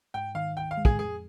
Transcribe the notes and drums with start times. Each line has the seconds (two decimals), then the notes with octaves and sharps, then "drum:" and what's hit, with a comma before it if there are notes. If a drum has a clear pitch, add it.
0.14 G#2 G5
0.35 D#3 F5
0.56 D2 G5
0.71 F5
0.77 G#3
0.85 G#4, drum: kick
0.98 F2 G#4